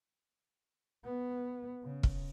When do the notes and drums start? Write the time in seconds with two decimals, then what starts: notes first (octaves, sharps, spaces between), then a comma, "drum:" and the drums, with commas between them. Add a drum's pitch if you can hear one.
1.05 B3
1.84 C#3
2.03 drum: kick